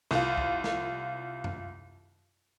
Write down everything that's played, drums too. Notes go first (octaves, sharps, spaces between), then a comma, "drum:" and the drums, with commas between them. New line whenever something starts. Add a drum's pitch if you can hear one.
C2 F4, drum: snare
drum: kick
drum: snare
drum: tom F#2